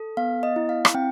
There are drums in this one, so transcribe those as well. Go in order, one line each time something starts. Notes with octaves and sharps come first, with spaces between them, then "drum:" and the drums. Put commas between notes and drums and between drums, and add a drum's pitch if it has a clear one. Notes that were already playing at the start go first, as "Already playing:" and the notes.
Already playing: A4
B3 F5
D#5
E4
F5
drum: rim click
C4 G5